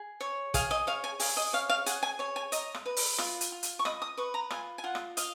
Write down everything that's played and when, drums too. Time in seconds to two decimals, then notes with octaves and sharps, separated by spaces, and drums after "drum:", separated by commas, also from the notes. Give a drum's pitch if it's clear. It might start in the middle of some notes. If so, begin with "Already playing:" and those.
Already playing: G#4
0.21 C#5
0.54 G#4 F5, drum: kick, hi-hat
0.71 D#5
0.87 C#5 F5
1.04 G#5
1.20 G#4 F5, drum: open hi-hat
1.37 D#5
1.53 C#5 F5
1.69 F5
1.86 G#4 F#5, drum: hi-hat
2.03 G#5
2.19 C#5 G#5
2.36 G#5
2.52 D#5 A#5, drum: hi-hat
2.74 drum: rim click
2.86 B4
2.97 drum: open hi-hat
3.18 F4, drum: rim click
3.41 drum: hi-hat
3.52 F4
3.63 drum: hi-hat
3.79 C#6
3.85 D#5 B5, drum: rim click
4.02 D#6
4.17 B4 C#6
4.34 A#5
4.50 F4 G#5, drum: rim click
4.78 G#5
4.84 F4 F#5
4.95 drum: rim click
5.17 D#5 F5, drum: hi-hat